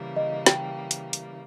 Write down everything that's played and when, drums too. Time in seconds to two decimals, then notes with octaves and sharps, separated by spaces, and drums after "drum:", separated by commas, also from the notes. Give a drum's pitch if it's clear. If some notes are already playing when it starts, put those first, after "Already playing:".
Already playing: C#3 E3 G3 A#3
0.16 D#5
0.46 G5, drum: snare
0.91 drum: hi-hat
1.13 drum: hi-hat